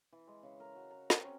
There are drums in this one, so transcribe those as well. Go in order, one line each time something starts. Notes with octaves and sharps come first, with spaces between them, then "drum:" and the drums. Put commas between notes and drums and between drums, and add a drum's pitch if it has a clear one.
E3
G#3
C#3
A#4
F#4
A#5
C4, drum: snare
C#4